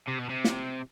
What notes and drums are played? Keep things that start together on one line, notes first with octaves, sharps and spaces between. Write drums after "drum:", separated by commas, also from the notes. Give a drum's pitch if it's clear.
C3
B2
C3
drum: snare